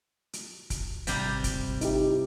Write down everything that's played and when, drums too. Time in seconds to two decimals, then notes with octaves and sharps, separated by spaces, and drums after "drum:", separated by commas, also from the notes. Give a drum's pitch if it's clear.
0.33 drum: hi-hat
0.70 drum: kick, hi-hat
1.07 G#1 C3 G3, drum: hi-hat
1.44 drum: kick, hi-hat
1.81 D#4 E4 G4, drum: hi-hat